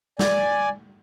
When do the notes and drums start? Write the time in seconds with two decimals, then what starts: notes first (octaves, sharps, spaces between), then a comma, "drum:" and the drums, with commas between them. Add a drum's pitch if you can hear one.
0.19 D5 G#5, drum: snare